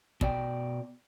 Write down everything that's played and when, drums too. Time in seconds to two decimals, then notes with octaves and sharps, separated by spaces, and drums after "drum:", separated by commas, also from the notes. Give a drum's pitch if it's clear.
0.21 B2 D5 G5, drum: kick